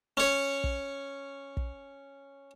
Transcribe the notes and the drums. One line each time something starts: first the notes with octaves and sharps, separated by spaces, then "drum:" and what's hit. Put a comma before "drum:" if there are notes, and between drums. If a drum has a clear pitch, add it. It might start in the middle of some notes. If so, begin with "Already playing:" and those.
C#4 C#5
drum: kick
drum: kick